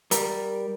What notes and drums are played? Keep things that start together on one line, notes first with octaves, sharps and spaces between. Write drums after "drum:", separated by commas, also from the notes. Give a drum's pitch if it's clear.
G3 A#4, drum: hi-hat